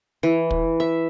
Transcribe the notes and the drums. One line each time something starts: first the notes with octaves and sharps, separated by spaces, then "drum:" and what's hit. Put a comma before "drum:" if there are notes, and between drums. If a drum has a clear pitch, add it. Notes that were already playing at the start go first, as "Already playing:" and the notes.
E3
drum: kick
E5